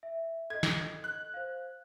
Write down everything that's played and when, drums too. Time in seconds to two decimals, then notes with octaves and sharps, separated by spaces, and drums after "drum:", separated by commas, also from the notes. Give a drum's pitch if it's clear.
0.03 E5
0.50 A4 D#5 G#6
0.63 drum: snare
1.04 F#6
1.34 C5 F5